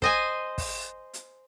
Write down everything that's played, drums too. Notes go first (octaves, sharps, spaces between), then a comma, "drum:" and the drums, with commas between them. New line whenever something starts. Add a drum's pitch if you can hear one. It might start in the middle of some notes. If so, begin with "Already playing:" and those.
C5 D#5 G#5, drum: kick
drum: kick, open hi-hat
drum: hi-hat